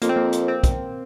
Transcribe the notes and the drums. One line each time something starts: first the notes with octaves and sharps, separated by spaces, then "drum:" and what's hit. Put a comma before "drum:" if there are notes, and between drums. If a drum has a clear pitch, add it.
F2 A#3, drum: hi-hat
C4
A#3
drum: hi-hat
C4
drum: kick, hi-hat